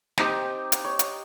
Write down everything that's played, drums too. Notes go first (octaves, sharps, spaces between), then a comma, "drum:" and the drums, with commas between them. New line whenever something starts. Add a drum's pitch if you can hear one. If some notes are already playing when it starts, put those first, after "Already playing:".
C4 D#4 G4 G5, drum: snare
drum: hi-hat
C#5
drum: hi-hat